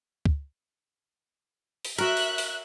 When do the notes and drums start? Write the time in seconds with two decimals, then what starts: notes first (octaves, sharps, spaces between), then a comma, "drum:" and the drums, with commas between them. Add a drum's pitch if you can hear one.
0.26 drum: kick
1.85 drum: open hi-hat
1.98 F#4 A#4 E5 F#6, drum: cymbal
2.17 drum: open hi-hat
2.38 drum: open hi-hat